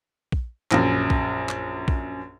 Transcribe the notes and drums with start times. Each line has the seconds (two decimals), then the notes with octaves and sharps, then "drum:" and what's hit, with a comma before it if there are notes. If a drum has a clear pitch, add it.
0.32 drum: kick A#1
0.71 A#1 F#2, drum: clap
1.10 drum: kick A#1
1.49 drum: clap
1.88 drum: kick A#1